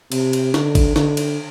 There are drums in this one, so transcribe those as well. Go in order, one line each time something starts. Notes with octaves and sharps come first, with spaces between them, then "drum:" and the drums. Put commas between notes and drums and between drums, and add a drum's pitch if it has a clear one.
C3, drum: cymbal
drum: cymbal
D3, drum: snare
drum: kick, cymbal
D3, drum: snare
drum: cymbal